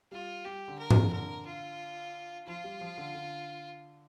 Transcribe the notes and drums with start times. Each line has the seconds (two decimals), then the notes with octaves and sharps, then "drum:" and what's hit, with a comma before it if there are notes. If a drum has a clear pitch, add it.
0.12 G3 F4
0.45 G3 G4
0.68 D3
0.79 A#4
0.91 D3, drum: tom G#2
1.12 D3 A#4
1.47 F4
2.48 F3 F4
2.64 G3
2.81 F3
2.98 D3
3.15 D3